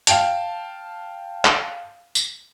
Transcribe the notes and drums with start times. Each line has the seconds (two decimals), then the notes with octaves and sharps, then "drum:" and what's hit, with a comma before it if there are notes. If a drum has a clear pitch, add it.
0.07 F5 G5 A5, drum: hi-hat
1.45 drum: clap
2.15 drum: tambourine